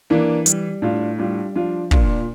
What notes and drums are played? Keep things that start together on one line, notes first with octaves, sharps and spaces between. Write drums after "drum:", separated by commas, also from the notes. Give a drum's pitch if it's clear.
E3 A#3 D4
G3, drum: hi-hat
A2 D4 F4
G3 D4 F4
F3 D4 F4
A#2 D4 F4, drum: kick